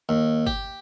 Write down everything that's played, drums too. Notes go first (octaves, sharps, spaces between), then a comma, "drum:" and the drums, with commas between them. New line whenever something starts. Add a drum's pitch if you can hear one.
D#2
G4, drum: kick G1